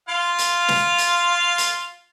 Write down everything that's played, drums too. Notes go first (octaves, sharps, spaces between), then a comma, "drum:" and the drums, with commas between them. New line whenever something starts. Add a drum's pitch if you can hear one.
F4 F5
drum: hi-hat
drum: snare
drum: hi-hat
drum: hi-hat